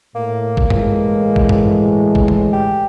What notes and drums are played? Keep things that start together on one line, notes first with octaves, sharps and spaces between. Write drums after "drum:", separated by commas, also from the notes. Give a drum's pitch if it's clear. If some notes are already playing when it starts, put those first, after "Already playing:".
A2 A#3
drum: kick G#1
A2 E3 G#3, drum: tom G2
drum: kick G#1
drum: tom G2
drum: kick G#1
drum: tom D3
G4